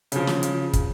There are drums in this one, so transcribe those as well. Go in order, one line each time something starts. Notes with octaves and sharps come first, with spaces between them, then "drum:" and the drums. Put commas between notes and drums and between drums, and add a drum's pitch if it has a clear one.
C#3 F3, drum: hi-hat
drum: snare
drum: hi-hat
drum: kick, hi-hat